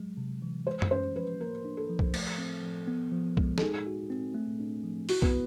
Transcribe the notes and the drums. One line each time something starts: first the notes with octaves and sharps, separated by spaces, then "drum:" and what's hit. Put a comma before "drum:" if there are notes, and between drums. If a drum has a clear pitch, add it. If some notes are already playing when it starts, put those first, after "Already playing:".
Already playing: F#3 G#3
C3
E3
G#3 C5
drum: tom F#2
C#4 C5
F3 B4
A#3 A#4
D4
A4
F3
drum: kick C2
A3, drum: cymbal
C4
F3
B3
F3
G#3, drum: kick C2
A4, drum: snare
D#4 G#4
F#4
C4
A3
D4
F3
E4 F#4, drum: open hi-hat
B3, drum: kick C2